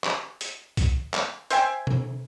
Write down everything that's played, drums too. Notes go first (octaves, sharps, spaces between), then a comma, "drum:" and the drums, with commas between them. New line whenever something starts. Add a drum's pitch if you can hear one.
drum: clap
drum: hi-hat
drum: kick, hi-hat
drum: clap
C5 E5 G5 G#5, drum: hi-hat
drum: tom